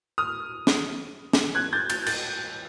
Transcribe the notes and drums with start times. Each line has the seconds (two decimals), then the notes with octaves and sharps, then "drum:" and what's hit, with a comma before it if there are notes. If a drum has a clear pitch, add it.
0.18 D#6 F6
0.67 drum: snare
1.33 drum: snare
1.55 F#6 G#6
1.73 G6 A6
1.90 G6 A6, drum: cymbal
2.06 G6 A6, drum: cymbal